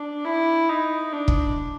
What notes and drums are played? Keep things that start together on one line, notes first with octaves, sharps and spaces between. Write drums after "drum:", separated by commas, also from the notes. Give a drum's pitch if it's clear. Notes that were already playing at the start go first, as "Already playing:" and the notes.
Already playing: D4
E4
D#4
D4
drum: kick